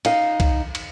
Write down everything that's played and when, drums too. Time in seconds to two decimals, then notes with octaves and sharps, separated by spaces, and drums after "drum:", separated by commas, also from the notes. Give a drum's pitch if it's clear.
0.05 D#4 F5, drum: cymbal
0.40 drum: kick C2, cymbal
0.75 drum: cymbal